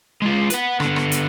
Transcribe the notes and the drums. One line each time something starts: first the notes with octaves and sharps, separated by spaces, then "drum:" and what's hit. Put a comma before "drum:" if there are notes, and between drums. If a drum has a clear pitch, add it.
G#3 F4
B4 F#5, drum: hi-hat
D3 B3, drum: rim click
drum: rim click
drum: hi-hat